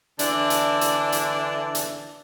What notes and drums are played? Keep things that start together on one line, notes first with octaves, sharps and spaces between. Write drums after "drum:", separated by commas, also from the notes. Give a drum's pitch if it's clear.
D3 E3 D4, drum: hi-hat
drum: hi-hat
drum: hi-hat
drum: hi-hat
drum: hi-hat